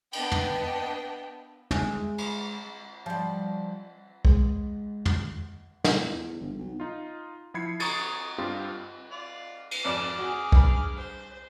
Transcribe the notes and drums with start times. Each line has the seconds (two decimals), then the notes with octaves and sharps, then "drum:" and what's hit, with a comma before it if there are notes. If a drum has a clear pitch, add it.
0.13 B3 D4 D#5 G5, drum: cymbal
0.32 drum: tom
1.71 G#3 E5, drum: tom
2.18 drum: cymbal
3.06 F3 G3
4.25 G#3, drum: kick B1
5.05 drum: tom
5.84 A#2, drum: snare
6.02 E2
6.40 G1
6.57 B1
6.80 D#4 F4
7.54 F3 E4 B5 G#6 C7 C#7
7.80 A#5 C#6 D#6 G#6 A6, drum: cymbal
8.38 G2 C4 F4 G4
9.11 F4 D5
9.71 drum: cymbal
9.84 G#1 F2 D5 A5 D6 F6
10.18 F#4 G#4
10.52 G2 B5, drum: kick B1
10.96 C5